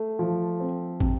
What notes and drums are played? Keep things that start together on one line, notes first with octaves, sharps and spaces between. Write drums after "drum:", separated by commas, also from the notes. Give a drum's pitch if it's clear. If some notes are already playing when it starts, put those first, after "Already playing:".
Already playing: A3
F3
C4
C3, drum: kick